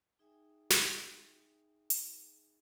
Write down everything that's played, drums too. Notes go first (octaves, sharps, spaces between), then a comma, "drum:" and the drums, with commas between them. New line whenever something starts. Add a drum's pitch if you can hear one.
D#4 G#4 E5 G5 G#5 D#6
drum: snare
drum: hi-hat